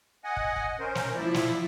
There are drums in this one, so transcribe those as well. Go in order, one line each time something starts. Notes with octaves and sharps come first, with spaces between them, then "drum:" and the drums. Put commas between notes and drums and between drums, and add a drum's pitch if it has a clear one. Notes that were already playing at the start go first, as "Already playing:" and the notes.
D#5 F#5 G#5
drum: kick
drum: kick
C#4 A#4 C5
drum: snare
F3 E4 D5
drum: snare